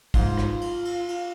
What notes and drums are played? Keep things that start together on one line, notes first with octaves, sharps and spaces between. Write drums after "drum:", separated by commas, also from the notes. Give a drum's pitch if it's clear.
G#2 F4, drum: kick, cymbal
drum: rim click
drum: cymbal
drum: cymbal
F4, drum: cymbal